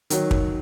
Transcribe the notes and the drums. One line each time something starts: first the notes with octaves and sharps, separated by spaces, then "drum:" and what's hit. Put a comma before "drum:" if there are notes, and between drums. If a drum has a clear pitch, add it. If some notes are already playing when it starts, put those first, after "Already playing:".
D#3 F#3, drum: hi-hat
drum: kick